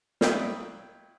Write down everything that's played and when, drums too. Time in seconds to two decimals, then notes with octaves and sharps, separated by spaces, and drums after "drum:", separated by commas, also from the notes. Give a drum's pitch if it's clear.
0.21 A#2 F#3 D#5 E5 G5 B5, drum: snare